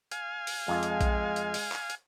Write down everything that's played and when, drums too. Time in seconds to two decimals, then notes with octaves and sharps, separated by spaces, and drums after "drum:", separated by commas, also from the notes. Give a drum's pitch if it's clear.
0.12 F5 G#5, drum: hi-hat
0.47 drum: open hi-hat
0.68 F2 G#3 F4
0.83 drum: hi-hat
1.01 drum: kick A#1, hi-hat
1.36 drum: hi-hat
1.54 drum: open hi-hat
1.72 drum: clap
1.90 drum: hi-hat